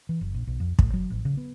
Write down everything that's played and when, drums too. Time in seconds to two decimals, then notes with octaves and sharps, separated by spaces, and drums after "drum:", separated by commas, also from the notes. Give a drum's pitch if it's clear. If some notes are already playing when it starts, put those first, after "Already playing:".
0.09 E3
0.21 F#1
0.34 A#1
0.47 B1
0.60 F2
0.79 A2, drum: kick
0.94 F#3
1.10 A1
1.25 C#3
1.37 B3